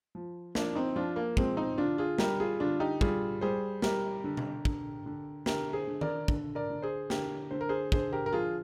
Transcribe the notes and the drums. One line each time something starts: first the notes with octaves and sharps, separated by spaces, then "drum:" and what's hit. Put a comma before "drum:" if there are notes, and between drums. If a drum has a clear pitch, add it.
F3
F3 A#3 D4, drum: snare
C4 D#4
F3 D4 F4
A#3
F3 G#3 C4, drum: kick
C4 D#4
D3 D4 F4
F4 G#4
G3 G4 A#4, drum: snare
F4 G#4
D3 D4 F4
D#4 G4
G3 F4 G#4, drum: kick
G3 G#4 C5
G3 G4 A#4, drum: snare
D3
drum: tom B2
D3, drum: kick
D3
D3 G4 A#4, drum: snare
G#4 C5
D3
A#4 D5, drum: tom D#3
D3, drum: kick
A#4 D5
D3
G#4 C5
D3 G4 A#4, drum: snare
D3 C5
A#4
G#4 C5
D3 G#4 C5, drum: kick
G4 A#4
A#4
F3 F4 G#4